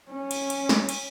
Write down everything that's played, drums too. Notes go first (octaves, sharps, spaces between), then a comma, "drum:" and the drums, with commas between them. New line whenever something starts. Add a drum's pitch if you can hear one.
C#4
drum: cymbal
drum: cymbal
drum: snare
drum: cymbal